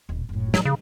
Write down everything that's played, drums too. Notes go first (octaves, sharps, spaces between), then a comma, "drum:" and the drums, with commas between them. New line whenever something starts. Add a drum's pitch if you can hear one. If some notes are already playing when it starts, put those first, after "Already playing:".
D#1 B2
F#1 A2
F3 F#3 D#4, drum: snare
C#3